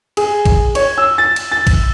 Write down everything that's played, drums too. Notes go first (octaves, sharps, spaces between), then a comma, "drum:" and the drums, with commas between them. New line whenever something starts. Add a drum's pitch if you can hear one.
G#4, drum: cymbal
drum: kick, cymbal
C#5, drum: cymbal
E6
A6
drum: cymbal
A6
drum: kick, cymbal